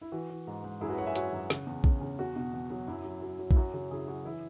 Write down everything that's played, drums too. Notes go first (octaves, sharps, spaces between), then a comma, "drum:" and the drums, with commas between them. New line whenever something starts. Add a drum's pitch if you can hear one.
E4
E3 F#4
E3
G#2
G#2
F#2 E4 G#4
F#4 B4
F#3 C#5 F#5
E5 G#5
F#3 C#5 F#5, drum: hi-hat
F#2
C#3, drum: snare
E2
C#3, drum: kick
C#3
E2 F#4
B2
E2
F#3
F#2 E4
F#3
F#3
F#3
E4, drum: kick
F#2 F#4
C#3 F#4
C#3 E4 G#4
F#3 F#4
E3 E4